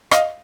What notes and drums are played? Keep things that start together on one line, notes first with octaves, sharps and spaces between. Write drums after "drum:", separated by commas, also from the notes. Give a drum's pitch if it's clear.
D#5 F5, drum: rim click